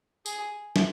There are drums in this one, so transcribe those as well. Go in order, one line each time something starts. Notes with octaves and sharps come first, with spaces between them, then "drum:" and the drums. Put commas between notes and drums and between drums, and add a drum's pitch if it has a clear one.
G#4, drum: tambourine
drum: snare